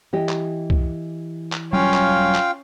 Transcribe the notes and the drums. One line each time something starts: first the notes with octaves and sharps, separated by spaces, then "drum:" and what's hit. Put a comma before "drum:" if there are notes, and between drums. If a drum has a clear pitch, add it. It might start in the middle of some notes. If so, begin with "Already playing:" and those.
E3 G4 D#5
drum: clap
drum: kick C2
drum: clap
E1 F#3 G3 C#4 F4 F5 G5
drum: clap
drum: clap